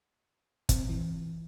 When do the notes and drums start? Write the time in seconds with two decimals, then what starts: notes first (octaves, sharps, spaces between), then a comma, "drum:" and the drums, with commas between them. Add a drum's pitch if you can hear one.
0.69 C4, drum: kick, hi-hat
0.89 E3